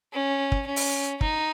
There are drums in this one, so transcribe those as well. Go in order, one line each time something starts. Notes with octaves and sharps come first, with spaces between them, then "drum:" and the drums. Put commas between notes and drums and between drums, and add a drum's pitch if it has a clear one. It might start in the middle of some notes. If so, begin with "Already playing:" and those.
C#4
drum: kick
C#4
drum: open hi-hat
D#4, drum: kick